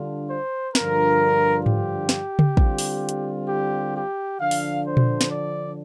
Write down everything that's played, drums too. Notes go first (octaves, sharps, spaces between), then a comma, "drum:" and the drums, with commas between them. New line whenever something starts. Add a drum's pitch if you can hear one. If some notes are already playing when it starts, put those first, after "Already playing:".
Already playing: D3 G3 D4 F4
C5
G2 D3 F3 D4 F4 A#4, drum: snare
G4, drum: tom G#2
drum: snare
drum: tom C#3
D3 G3 C4 F4, drum: kick
drum: open hi-hat
drum: hi-hat
G4
G4
D3 F3 D4 F5
drum: open hi-hat
C5
drum: tom A#2
drum: snare
D5